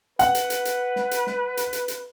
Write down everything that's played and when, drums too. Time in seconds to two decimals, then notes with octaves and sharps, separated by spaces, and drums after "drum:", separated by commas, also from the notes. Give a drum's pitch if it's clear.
0.19 B4 F#5, drum: hi-hat
0.35 drum: hi-hat
0.50 drum: hi-hat
0.65 drum: hi-hat
0.96 drum: snare
1.11 drum: hi-hat
1.27 drum: snare
1.57 drum: hi-hat
1.73 drum: hi-hat
1.88 drum: hi-hat